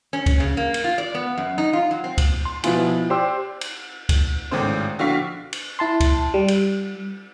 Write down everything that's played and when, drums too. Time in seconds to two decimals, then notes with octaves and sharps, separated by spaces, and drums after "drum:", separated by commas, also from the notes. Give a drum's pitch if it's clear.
0.13 C#4
0.26 drum: kick C#2, cymbal
0.40 C#3
0.57 A#3
0.74 drum: cymbal
0.84 F4
0.98 D5
1.15 B3
1.37 F#2
1.58 D#4
1.73 F4
1.91 F#3
2.04 C4
2.18 drum: kick C#2, cymbal
2.45 C6
2.63 B2 F3 B3 E4 F4 G#5, drum: cymbal
3.10 G4 C5 D5 G5 C6 E6
3.61 drum: cymbal
4.09 drum: kick C#2, cymbal
4.51 G#1 A2 C#3 C5
4.99 A#1 D3 F#4 F5 C#6 B6
5.53 drum: cymbal
5.79 E4 A5 C6
6.00 drum: kick C#2, cymbal
6.34 G3
6.48 drum: cymbal